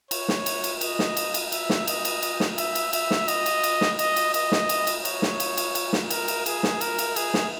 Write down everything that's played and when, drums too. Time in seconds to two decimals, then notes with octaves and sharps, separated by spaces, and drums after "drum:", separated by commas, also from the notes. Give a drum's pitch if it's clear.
0.11 C#5, drum: cymbal
0.28 drum: snare
0.46 drum: cymbal
0.64 drum: cymbal
0.81 D#5, drum: cymbal
0.99 drum: snare
1.17 drum: cymbal
1.34 drum: cymbal
1.52 E5, drum: cymbal
1.70 drum: snare
1.87 D#5, drum: cymbal
2.05 drum: cymbal
2.22 drum: cymbal
2.40 drum: snare
2.58 E5, drum: cymbal
2.75 drum: cymbal
2.93 E5, drum: cymbal
3.11 drum: snare
3.28 D#5, drum: cymbal
3.46 drum: cymbal
3.64 drum: cymbal
3.81 drum: snare
3.99 D#5, drum: cymbal
4.16 drum: cymbal
4.34 D#5, drum: cymbal
4.52 drum: snare
4.69 drum: cymbal
4.87 drum: cymbal
5.05 C#5, drum: cymbal
5.22 drum: snare
5.40 drum: cymbal
5.57 drum: cymbal
5.75 drum: cymbal
5.93 drum: snare
6.10 A#4, drum: cymbal
6.28 drum: cymbal
6.46 G#4, drum: cymbal
6.63 drum: snare
6.81 A#4, drum: cymbal
6.99 drum: cymbal
7.16 G#4, drum: cymbal
7.34 drum: snare